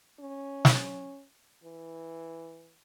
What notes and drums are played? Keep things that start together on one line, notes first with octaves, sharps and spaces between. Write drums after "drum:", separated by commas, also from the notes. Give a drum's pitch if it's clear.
C#4
drum: snare
E3